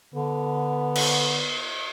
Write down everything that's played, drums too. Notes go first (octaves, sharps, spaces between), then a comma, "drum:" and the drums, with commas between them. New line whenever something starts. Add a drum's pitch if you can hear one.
D3 B3
drum: cymbal